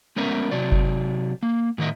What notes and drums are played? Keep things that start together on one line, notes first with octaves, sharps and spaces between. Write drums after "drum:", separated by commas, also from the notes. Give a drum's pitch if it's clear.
G#3 A3 B3 C#4 A#4 E5
C3 F#3 D5
drum: kick F#1
A#3
A2 D#3 F#3 C#5 D#5 E5